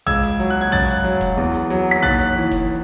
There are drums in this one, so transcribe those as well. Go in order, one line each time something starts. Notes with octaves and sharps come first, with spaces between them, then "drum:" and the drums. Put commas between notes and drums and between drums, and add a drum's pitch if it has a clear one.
C#2 E6 G#6, drum: tom
drum: hi-hat
F#3, drum: hi-hat
F#6
G#6
F#2 F#6 A6, drum: tom
drum: hi-hat
F#3, drum: hi-hat
drum: kick F1, hi-hat
E2
drum: hi-hat
F#3, drum: hi-hat
B6
D#2 F#6 A6, drum: tom
drum: hi-hat
E3
drum: kick F1, hi-hat